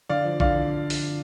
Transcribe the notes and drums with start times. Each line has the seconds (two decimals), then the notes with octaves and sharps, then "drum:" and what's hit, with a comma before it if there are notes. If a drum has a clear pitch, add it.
0.09 D3 D5 F5
0.25 F3
0.40 D3 D5 F5, drum: kick A1
0.90 drum: open hi-hat